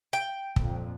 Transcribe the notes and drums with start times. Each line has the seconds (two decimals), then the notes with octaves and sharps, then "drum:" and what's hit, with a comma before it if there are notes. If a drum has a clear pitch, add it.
0.13 G5
0.56 F2 A#2, drum: kick